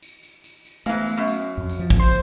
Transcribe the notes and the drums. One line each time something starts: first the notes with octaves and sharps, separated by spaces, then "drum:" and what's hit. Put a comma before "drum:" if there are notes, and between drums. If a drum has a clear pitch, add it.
drum: tambourine
drum: tambourine
drum: tambourine
drum: tambourine
E3 G#3 A3 B3 F5, drum: tambourine
drum: tambourine
F#2
drum: tambourine
F2
drum: tambourine
F3
drum: kick, tambourine
C5